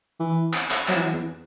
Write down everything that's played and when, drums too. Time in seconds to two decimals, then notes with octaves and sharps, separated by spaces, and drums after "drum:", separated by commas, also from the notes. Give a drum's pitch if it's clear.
0.20 E3
0.54 drum: clap
0.71 drum: clap
0.88 F#3, drum: clap
0.97 E3
1.13 E2